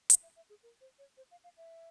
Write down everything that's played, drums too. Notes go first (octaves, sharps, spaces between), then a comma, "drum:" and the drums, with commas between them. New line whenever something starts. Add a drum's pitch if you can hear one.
F5, drum: hi-hat
E5
E5
G#4
A#4
C5
C#5
C5
F5
F5
E5